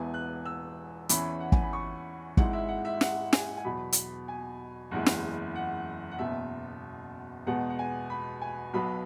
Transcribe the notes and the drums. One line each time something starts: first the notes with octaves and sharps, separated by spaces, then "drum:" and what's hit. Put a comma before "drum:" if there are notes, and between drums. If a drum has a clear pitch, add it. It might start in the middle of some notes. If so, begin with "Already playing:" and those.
Already playing: E1 E2 E3 B3 E4 G#5
F#6
E6
E2 E3 C#4 E4 B5, drum: hi-hat
F#5
G#5, drum: kick
B5
C#6
G#1 G#2 G#3 E4 F#5, drum: kick
E5
F#5
E5
F#5, drum: snare
G#5, drum: snare
G#5
E2 B2 F#3 B5
drum: hi-hat
G#5
F#1 E2 E3 G#3 E4 F#5
drum: snare
F#5
F#5
F#1 E2 B2 E5
E2 B2 G#3 B3 F#5
F#5
G#5
B5
G#5
B1 B2 F#3 B3 B5